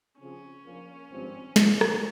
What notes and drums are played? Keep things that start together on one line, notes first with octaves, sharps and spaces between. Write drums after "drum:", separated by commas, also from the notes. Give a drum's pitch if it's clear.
C#3 F3 C4 C#4 F4 G#4
A#1 A#2 F3 A#3
G#1 G2 F3 C4
E2 E3 A#3 F4, drum: snare
drum: rim click